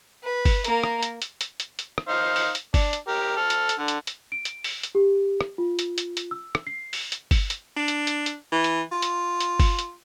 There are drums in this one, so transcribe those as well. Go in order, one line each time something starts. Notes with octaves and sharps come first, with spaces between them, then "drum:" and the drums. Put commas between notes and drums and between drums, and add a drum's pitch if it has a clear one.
B4
drum: kick G1, open hi-hat
A#3 A#4, drum: hi-hat
drum: rim click
drum: hi-hat
drum: hi-hat
drum: hi-hat
drum: hi-hat
drum: hi-hat
drum: rim click
D#4 C5 F5
drum: open hi-hat
drum: hi-hat
D4, drum: kick G1, open hi-hat
drum: hi-hat
G4 A#4
A4 F6
drum: hi-hat
drum: hi-hat
D3
drum: hi-hat
drum: hi-hat
D7
drum: hi-hat
drum: open hi-hat
drum: hi-hat
G4
drum: rim click
F4
drum: hi-hat
drum: hi-hat
drum: hi-hat
E6
drum: rim click
C7
drum: open hi-hat
drum: hi-hat
drum: kick G1, open hi-hat
drum: hi-hat
D4
drum: hi-hat
drum: hi-hat
drum: hi-hat
E3
drum: hi-hat
F4
drum: hi-hat
drum: hi-hat
drum: kick G1, open hi-hat
drum: hi-hat